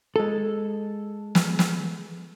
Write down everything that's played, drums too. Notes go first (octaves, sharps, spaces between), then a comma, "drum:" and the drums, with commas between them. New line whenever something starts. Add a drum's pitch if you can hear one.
G#3 A4
drum: snare
drum: snare